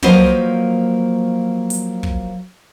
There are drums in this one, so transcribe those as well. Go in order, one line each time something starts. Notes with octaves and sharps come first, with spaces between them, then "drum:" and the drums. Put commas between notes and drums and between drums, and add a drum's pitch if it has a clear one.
F3 F#3 A#3 B4 C5 D#5, drum: tom
drum: hi-hat
drum: kick